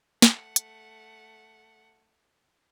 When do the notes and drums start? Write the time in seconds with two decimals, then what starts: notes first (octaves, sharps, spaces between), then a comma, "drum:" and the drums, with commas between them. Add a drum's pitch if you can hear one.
0.22 A3 F#5, drum: snare
0.56 drum: hi-hat